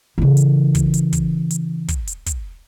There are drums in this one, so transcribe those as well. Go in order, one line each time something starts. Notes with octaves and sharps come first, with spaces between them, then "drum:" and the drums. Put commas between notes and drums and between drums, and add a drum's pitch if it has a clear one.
C#3 E3
drum: hi-hat
drum: kick, hi-hat
drum: hi-hat
drum: kick, hi-hat
drum: hi-hat
drum: kick, hi-hat
drum: hi-hat
drum: kick, hi-hat